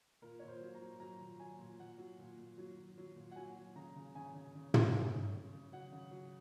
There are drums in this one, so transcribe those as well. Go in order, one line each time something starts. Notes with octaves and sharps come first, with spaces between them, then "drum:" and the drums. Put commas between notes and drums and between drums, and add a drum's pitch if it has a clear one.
A#2 A#4
A#2 C#5
C5
F#3
A#5
F#3
F#3 A#5
A#2
F#3 G#5
A#2
A#2 F#5
F#3
A#2
A#2
F#3
F#3
F#3
A#2
F#5
F#3 G#5
F#3
C#3 A#5
C#3
C#3 G#5
C#3
C#3
C#3, drum: tom
F#3
C#3
C#3
C#3
F#3 F#5
C#3
F#3